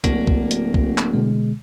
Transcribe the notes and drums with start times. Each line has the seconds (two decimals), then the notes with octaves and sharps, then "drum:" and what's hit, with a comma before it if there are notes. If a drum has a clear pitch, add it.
0.04 D1 A#3 D4 F#4, drum: kick, hi-hat
0.27 drum: kick
0.51 drum: hi-hat
0.74 drum: kick
0.98 drum: clap
1.14 B2 D3 G#3